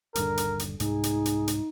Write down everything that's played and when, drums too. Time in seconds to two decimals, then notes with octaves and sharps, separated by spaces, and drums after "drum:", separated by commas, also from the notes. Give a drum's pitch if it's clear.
0.15 D#1 G2 D3 A#4, drum: hi-hat
0.37 drum: hi-hat
0.59 drum: hi-hat
0.80 C2 G#2 D#4 G#4, drum: hi-hat
1.04 drum: hi-hat
1.26 drum: hi-hat
1.48 drum: hi-hat